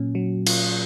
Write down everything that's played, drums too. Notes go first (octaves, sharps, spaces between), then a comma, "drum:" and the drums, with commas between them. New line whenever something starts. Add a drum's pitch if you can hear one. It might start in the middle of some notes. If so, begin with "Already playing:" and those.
Already playing: A#2 F#3 C#4
F#3
F4, drum: cymbal